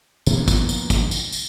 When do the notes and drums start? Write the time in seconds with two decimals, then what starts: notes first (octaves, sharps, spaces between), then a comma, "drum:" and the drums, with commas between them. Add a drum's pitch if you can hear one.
0.27 B2 F3 A#3 B3, drum: tambourine
0.48 drum: kick, tambourine
0.69 drum: tambourine
0.90 drum: kick, tambourine
1.11 drum: tambourine
1.32 drum: tambourine